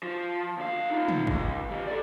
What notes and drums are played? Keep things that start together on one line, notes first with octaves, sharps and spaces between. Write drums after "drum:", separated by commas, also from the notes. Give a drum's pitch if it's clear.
F3
D2 F5
D#4 F4
drum: tom
C#2, drum: kick
E3 G4
A4 D5